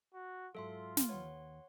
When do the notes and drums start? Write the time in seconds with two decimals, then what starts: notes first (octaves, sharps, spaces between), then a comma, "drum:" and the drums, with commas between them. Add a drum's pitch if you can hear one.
0.14 F#4
0.55 G#2 F#3 F4 A4 E5 C6
0.97 drum: snare
1.09 D#2 B4 C#5 F#5 C6